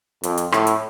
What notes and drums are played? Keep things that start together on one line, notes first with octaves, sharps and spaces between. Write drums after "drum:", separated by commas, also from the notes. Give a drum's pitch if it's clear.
F2, drum: hi-hat
drum: hi-hat
A2, drum: rim click
drum: hi-hat